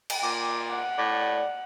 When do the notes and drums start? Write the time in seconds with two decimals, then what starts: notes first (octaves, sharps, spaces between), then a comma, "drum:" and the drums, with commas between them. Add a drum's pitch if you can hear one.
0.10 drum: cymbal
0.23 A#2 D6
0.69 F#5
0.98 A2 D5